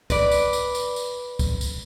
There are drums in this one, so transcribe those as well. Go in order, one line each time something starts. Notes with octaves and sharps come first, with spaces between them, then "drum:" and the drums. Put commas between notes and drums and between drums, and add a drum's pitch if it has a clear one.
B4 D5, drum: kick C2, tambourine
drum: tambourine
drum: tambourine
drum: tambourine
drum: tambourine
drum: kick C2, tambourine
drum: tambourine